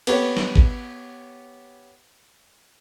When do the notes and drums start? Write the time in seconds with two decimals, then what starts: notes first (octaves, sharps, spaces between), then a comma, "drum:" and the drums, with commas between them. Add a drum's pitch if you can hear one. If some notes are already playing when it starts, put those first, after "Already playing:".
0.07 B3 G4 B4 C#5, drum: cymbal
0.37 drum: snare
0.56 drum: kick